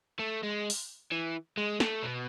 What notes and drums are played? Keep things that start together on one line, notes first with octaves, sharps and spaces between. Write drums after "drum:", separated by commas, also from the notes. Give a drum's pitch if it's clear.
A3
G#3
drum: open hi-hat
E3
G#3
A3, drum: snare
B2